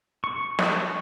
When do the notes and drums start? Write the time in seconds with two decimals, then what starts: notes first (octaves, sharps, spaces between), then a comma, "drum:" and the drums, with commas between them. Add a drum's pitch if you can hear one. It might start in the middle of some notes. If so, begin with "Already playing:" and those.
0.24 C#6
0.59 drum: snare